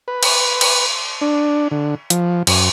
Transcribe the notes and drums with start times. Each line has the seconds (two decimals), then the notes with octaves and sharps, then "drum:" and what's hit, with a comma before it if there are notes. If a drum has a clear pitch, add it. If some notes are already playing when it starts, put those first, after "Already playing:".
0.08 B4
0.23 drum: cymbal
0.61 drum: cymbal
1.21 D4
1.71 D3
2.10 F3, drum: hi-hat
2.47 F#2, drum: cymbal